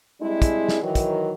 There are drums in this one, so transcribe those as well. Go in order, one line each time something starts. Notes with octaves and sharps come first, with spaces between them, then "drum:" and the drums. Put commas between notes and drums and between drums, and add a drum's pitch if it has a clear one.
G3 G#3 C4 D4 E4 G#4
drum: kick, hi-hat
drum: snare
D#3 E3 F#3
drum: kick, hi-hat